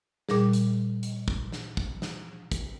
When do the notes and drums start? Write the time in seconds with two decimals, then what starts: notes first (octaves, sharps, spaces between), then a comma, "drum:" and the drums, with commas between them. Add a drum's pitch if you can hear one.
0.29 A#2 G3 G#4, drum: snare
0.53 drum: hi-hat
1.03 drum: hi-hat
1.28 drum: kick
1.52 drum: snare
1.77 drum: kick
2.02 drum: snare
2.52 drum: kick, hi-hat